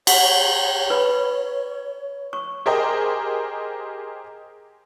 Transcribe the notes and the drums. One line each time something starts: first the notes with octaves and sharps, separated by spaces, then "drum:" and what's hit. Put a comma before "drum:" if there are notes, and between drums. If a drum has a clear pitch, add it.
C#5 F#5, drum: cymbal
B4 B5
C#6
G4 G#4 A#4 C5 D#5 G5